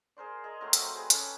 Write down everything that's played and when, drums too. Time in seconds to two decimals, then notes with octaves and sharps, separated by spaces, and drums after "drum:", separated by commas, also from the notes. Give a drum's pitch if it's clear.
0.17 G#4 A#4 C5 D5
0.44 G#4 D#5 A#5
0.61 F#3 A3 C4 A#4
0.73 C4 F#4 G4 C6, drum: hi-hat
0.95 G4 G#4 B4
1.10 C#4 A4 B4, drum: hi-hat